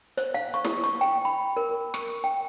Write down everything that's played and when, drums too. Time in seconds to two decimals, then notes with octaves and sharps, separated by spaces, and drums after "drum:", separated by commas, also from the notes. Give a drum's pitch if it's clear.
0.17 C5, drum: hi-hat
0.34 F5
0.54 C#6
0.65 drum: snare
0.84 C#6
1.01 G5
1.25 B5
1.57 A#4
1.94 C#6, drum: rim click
2.24 G5